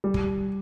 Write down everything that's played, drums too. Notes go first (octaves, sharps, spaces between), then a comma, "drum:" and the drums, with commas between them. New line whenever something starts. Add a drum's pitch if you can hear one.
G3
drum: kick